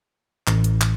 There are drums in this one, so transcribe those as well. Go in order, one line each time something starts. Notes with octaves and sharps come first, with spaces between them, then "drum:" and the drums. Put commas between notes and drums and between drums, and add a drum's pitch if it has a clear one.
A1, drum: clap
drum: hi-hat
drum: clap